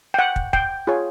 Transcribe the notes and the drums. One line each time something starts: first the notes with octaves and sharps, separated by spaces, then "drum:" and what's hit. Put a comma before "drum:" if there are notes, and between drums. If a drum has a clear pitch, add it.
G5
F#5
drum: kick
G5, drum: kick
F4 G#4 C#5